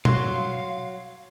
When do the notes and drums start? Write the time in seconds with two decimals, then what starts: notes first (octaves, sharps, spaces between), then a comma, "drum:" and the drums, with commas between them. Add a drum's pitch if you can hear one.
0.05 F#3 F5 C6, drum: tom